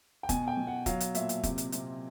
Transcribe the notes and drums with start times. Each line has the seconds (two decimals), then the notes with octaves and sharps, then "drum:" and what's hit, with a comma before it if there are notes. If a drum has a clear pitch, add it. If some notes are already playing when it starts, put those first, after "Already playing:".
0.23 G5
0.29 B2 G#5, drum: kick, hi-hat
0.48 G5
0.57 B2
0.67 F#5
0.86 F#3 F5, drum: kick, hi-hat
1.00 drum: hi-hat
1.15 A#2 E5, drum: hi-hat
1.29 drum: hi-hat
1.43 C3, drum: kick, hi-hat
1.58 drum: hi-hat
1.72 C3, drum: hi-hat